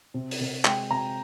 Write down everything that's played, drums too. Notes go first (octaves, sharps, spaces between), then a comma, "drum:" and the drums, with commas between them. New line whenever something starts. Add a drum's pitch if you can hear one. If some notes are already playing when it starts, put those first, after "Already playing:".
C3
drum: open hi-hat
C3
G#3 G5, drum: clap
C3 A#5